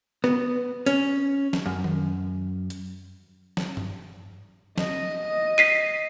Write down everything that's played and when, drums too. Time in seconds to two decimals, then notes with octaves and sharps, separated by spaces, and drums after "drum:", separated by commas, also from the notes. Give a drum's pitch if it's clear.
0.24 B3, drum: rim click
0.86 C#4, drum: hi-hat
1.53 drum: snare
1.66 F#2
1.84 drum: tom D#3
2.70 drum: hi-hat
3.57 drum: snare
3.77 drum: tom G2
4.78 D#5, drum: snare
5.58 B6 C7 D#7